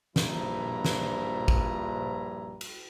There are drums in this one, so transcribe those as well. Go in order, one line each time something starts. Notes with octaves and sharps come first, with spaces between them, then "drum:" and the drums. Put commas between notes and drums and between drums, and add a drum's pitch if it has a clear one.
A#1 G2 F3 E4 A#5, drum: snare
drum: snare
drum: kick
drum: cymbal